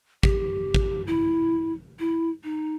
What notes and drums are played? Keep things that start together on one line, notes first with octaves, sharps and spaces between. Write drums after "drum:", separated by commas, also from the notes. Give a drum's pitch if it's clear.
G4, drum: kick
drum: kick
E4
E4
D#4